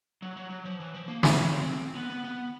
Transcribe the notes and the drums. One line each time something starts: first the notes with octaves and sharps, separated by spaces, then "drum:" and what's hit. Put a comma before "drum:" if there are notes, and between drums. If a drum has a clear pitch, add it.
F#3
F#3
F#3
F3
E3
F3
A#3
B3, drum: snare
C#4
C4
B3
B3
B3